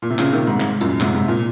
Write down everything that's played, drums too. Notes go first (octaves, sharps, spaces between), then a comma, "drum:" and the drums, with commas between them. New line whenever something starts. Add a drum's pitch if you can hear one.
A#2
C3
A#2 C#3, drum: clap
C3 D#3
G#2 C3
G#2, drum: clap
F#2 A#2, drum: tambourine
G#2 C3, drum: clap
G#2 C3
A#2